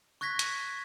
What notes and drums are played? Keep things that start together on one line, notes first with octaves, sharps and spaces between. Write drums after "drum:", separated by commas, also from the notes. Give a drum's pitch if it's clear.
C#6 F#6 G#6 A#6 B6
drum: hi-hat